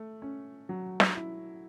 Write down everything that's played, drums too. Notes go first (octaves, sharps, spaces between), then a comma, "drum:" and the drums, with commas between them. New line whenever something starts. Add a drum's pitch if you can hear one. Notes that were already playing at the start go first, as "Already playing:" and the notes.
Already playing: A3
C#4
F#3
drum: snare
E4